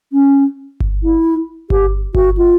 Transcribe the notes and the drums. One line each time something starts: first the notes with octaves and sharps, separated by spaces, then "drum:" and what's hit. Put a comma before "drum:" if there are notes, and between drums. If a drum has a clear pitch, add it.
C#4
drum: kick G1
E4
G4, drum: kick G1
F#4, drum: kick G1
F4